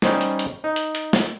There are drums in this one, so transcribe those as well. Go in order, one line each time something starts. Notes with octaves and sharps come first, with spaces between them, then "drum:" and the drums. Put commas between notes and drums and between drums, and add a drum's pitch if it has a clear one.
G3 C#4 D#4 C5 D5, drum: snare
drum: hi-hat
drum: hi-hat
D#4
drum: hi-hat
drum: hi-hat
drum: snare